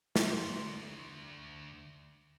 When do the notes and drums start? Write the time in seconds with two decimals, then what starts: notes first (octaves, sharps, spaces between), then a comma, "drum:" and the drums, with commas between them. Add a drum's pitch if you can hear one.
0.16 D2 C6, drum: snare